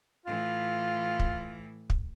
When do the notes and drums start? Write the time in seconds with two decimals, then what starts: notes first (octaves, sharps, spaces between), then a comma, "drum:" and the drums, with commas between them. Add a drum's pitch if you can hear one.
0.26 A2 E3 F4
1.19 drum: kick
1.90 drum: kick